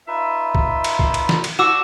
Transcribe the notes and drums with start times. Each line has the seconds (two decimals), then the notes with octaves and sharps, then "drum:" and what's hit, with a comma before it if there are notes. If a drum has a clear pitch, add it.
0.08 D#4 F4 B4 E5
0.55 drum: kick
0.84 drum: cymbal
0.99 drum: kick
1.14 drum: cymbal
1.29 drum: snare
1.44 drum: cymbal
1.59 D4 F#4 D6 E6 E7